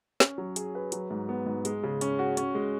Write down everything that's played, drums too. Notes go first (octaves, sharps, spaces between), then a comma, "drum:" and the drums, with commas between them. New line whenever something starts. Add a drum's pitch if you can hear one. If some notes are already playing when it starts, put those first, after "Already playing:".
C#4, drum: snare
F#3
G#4, drum: hi-hat
B4
F#3, drum: hi-hat
G#2
B3
G#2
G#3, drum: hi-hat
C#3
C#4, drum: hi-hat
F#4
C#4, drum: hi-hat
G#3